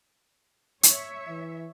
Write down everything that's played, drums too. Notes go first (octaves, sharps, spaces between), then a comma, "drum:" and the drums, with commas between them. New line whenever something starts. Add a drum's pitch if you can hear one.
C#5 E5, drum: hi-hat
E3